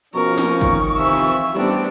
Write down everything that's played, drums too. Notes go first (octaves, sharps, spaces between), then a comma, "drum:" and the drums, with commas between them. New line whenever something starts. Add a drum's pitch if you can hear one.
B2 F3 C#4 A#4 C#6
drum: snare
D#3, drum: kick
C3 E3 F3 E5
A1 G3 B3 C4 D4 G4